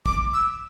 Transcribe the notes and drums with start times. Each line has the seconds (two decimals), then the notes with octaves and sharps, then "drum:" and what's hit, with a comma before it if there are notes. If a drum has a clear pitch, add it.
0.06 D6, drum: kick
0.33 E6